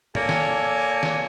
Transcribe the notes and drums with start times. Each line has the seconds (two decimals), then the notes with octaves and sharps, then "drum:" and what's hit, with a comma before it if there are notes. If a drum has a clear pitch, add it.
0.15 A#3 A4 C#5 D5 G#5, drum: tom
0.29 drum: snare
1.03 drum: snare